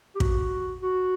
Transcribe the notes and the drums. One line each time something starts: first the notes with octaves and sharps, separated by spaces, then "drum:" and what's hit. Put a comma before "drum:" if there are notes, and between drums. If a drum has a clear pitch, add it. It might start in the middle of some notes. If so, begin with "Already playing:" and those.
G4
F#4, drum: kick
F#4